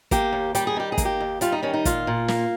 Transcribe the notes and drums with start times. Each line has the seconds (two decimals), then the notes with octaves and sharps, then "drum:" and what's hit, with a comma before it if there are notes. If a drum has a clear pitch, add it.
0.11 A#3 G4, drum: kick, hi-hat
0.33 D#2
0.55 G3 G4, drum: hi-hat
0.67 G#4
0.77 D#3 G4
0.92 G#4
0.98 A#3, drum: kick, hi-hat
1.05 G4
1.20 D#2
1.41 G3 F4, drum: hi-hat
1.52 D#4
1.63 D#3 C#4
1.74 D#4
1.85 A#2 F4, drum: kick, hi-hat
2.07 A#2
2.28 A#3, drum: snare